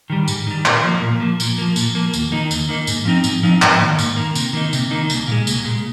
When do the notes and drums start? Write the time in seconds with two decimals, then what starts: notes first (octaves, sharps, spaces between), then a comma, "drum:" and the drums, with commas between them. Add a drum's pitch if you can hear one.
0.10 D#3 G3
0.28 G#2, drum: tambourine
0.47 D#3 G3
0.66 A#2, drum: clap
0.84 F3 A#3
1.02 A#2
1.20 F3 A#3
1.40 A#2, drum: tambourine
1.58 F3 A#3
1.76 A#2, drum: tambourine
1.95 F3 A#3
2.13 D#2, drum: tambourine
2.32 D#3 A#3 D#4
2.51 D#2, drum: tambourine
2.69 D#3 A#3 D#4
2.87 G#2, drum: tambourine
3.05 F3 C4 D#4
3.24 G#2, drum: tambourine
3.43 F3 C4 D#4
3.62 G#2, drum: clap
3.80 D#3 A#3
3.99 G#2, drum: tambourine
4.17 D#3 A#3
4.35 C3, drum: tambourine
4.53 D#3 A#3 D#4
4.73 C3, drum: tambourine
4.91 D#3 A#3 D#4
5.10 C2, drum: tambourine
5.27 A#2 G#3
5.47 C2, drum: tambourine
5.64 A#2 G#3